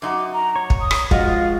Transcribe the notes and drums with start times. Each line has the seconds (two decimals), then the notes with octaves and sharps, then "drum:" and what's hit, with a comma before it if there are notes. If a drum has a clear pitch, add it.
0.02 F#2 D#4 F#4 D6
0.33 A#5
0.56 C#5
0.70 drum: kick
0.81 D#6
0.91 drum: rim click
1.11 F3 G#3 F4 F#4 D#5, drum: kick
1.27 F5